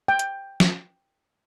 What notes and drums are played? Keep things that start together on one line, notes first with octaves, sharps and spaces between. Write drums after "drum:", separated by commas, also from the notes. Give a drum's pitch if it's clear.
G5
drum: hi-hat
drum: snare